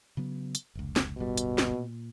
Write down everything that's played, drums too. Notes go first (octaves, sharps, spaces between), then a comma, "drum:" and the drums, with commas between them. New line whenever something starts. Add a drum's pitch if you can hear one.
C#3 F#3 B3
drum: hi-hat
F1 C#2
drum: snare
D1 G1 B2 G3
drum: hi-hat
drum: snare
A#2